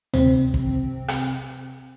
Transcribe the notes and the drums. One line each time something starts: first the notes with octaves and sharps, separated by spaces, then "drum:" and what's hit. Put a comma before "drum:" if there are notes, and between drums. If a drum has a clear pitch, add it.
C3 C4, drum: tom D2
drum: kick
drum: rim click